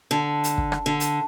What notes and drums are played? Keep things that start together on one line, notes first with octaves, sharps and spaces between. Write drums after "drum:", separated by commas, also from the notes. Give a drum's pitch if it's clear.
D3
drum: hi-hat
drum: kick
drum: rim click
D3
drum: hi-hat